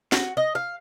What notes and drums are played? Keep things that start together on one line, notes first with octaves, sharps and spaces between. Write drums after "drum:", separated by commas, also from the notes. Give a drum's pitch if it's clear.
F#4, drum: snare
D#5
F5